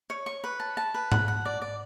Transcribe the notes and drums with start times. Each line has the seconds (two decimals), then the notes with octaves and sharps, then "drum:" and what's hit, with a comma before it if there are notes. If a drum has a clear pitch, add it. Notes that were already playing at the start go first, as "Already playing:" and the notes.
0.10 C#5
0.26 C#6
0.44 B4
0.60 A5
0.77 A5
0.94 B4
1.12 F#5, drum: tom G#2
1.28 F#5
1.45 D5
1.62 D5